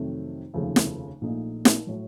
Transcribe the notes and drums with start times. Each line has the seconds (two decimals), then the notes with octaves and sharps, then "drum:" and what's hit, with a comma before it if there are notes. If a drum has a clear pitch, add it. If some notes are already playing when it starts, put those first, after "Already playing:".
Already playing: F2 C3 D#3 F#3 A3
0.54 F1 D#2 C#3 F3 A3
0.76 drum: snare
1.21 A#1 A#2 A3 D#4
1.65 drum: snare
1.87 A2 F#3